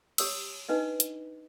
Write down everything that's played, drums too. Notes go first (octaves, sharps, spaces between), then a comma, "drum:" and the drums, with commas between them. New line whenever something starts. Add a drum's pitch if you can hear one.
G4 C#5 D#6 E6, drum: cymbal
D4 D#4 B4 D#5
drum: hi-hat